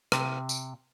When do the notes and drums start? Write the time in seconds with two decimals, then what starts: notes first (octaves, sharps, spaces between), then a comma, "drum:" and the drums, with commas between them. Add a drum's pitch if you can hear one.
0.12 C3, drum: rim click
0.49 drum: tambourine